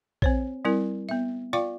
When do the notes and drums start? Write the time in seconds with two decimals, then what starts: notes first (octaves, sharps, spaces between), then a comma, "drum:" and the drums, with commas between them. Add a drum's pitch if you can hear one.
0.22 C4 C5 C#5, drum: kick A#1
0.65 G3 C4 E4 A#4
1.09 B3 E5
1.53 F4 D5 F5 G5 D6